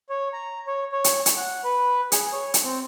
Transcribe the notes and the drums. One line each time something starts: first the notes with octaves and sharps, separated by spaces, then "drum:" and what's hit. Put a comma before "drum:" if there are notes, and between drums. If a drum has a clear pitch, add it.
C#5
A#5
C#5
C#5
drum: hi-hat
drum: hi-hat
F#5
B4
G#4, drum: hi-hat
C#5
drum: hi-hat
C4